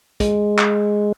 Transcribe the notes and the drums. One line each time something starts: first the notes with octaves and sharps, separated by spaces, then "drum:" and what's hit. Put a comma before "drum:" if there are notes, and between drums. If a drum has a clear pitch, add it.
G#3, drum: kick, hi-hat
drum: clap